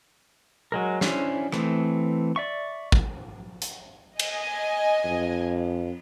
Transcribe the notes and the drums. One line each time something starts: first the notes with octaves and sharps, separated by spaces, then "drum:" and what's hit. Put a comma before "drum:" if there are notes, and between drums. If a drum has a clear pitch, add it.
F#3 G#3 A#4
C#4 D4 E4 C5, drum: snare
E3 A3 C4, drum: rim click
D5 E5 C#6
drum: kick
drum: hi-hat
D#5 G#5, drum: cymbal
F2